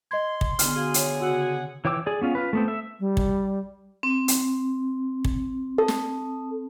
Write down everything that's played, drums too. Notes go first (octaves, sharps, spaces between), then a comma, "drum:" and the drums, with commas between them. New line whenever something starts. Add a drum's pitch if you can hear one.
D#5 C6 G#6
drum: kick
D3 B3 D4 D#4 G#4 F6, drum: hi-hat
B2 D3 F#4 G#4 F5
C#5, drum: hi-hat
C#3 F#4 F#5 E6
E3 C#5 G5 D6 E6
G#4 D5
B3 C#4 F4
F4 B4
A3 B3 C4
E5
G3
drum: kick
C4
drum: hi-hat
drum: kick
A4
drum: snare